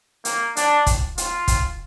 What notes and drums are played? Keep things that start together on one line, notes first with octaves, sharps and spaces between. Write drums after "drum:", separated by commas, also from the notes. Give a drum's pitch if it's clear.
A#3, drum: hi-hat
D4, drum: hi-hat
drum: kick, hi-hat
F4, drum: hi-hat
drum: kick, hi-hat